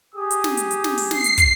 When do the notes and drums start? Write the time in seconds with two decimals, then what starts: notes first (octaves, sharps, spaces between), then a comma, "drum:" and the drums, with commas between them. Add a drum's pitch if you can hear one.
0.15 G4 G#4 D#6
0.31 drum: hi-hat
0.44 drum: snare
0.57 drum: hi-hat
0.71 drum: hi-hat
0.84 drum: snare
0.98 drum: open hi-hat
1.11 C7, drum: snare
1.24 drum: hi-hat
1.38 drum: kick, hi-hat